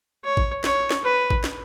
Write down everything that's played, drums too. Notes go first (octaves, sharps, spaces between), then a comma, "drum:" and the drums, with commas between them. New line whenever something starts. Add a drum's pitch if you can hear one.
C#5
drum: kick
C#5, drum: snare
drum: snare
B4
drum: kick
drum: snare